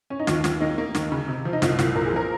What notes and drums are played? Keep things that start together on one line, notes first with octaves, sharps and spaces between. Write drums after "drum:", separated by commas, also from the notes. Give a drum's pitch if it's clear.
C#4
D#4
D#2 F4, drum: snare
D#2, drum: snare
A#3 D#4
A#3
D#2, drum: snare
C#3
C3
F3
D#4
C2 F4, drum: snare
C2, drum: snare
A#2 A#4
G#4
F3 A#4